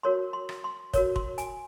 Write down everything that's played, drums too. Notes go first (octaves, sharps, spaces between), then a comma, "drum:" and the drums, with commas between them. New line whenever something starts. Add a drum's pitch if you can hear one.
F#4 A#4 C#5 C6
C6
drum: rim click
C6
F#4 A#4 C#5, drum: kick, hi-hat
C6, drum: kick
G#5, drum: hi-hat